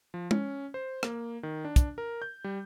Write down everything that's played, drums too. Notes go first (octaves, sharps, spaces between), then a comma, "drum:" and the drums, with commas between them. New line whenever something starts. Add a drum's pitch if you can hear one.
F3
C#4, drum: tom G#3
C5
A#3, drum: rim click
D#3
D4
drum: kick, hi-hat
A#4
G6
G3